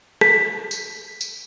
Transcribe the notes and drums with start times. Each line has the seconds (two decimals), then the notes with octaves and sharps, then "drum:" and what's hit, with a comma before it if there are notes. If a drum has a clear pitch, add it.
0.21 B6, drum: rim click
0.71 drum: tambourine
1.21 drum: tambourine